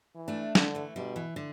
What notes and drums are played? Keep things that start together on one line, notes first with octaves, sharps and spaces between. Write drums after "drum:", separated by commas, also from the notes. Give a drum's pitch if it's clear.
E3
A3 D4
D3, drum: snare
E3 A3
B2 D3 G3
E3
D3